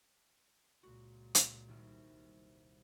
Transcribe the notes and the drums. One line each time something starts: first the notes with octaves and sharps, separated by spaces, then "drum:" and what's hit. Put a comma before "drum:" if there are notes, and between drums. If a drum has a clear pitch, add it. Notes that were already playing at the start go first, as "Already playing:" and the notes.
C#2 A#2 F#4
drum: hi-hat
D#1 C2